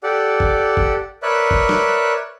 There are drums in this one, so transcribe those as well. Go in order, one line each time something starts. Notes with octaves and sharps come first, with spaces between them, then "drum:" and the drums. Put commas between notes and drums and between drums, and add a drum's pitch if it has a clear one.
G4 A4 D5 F#5
drum: kick
drum: kick
A#4 B4 C#5 D5 E5 F#6
drum: kick
drum: snare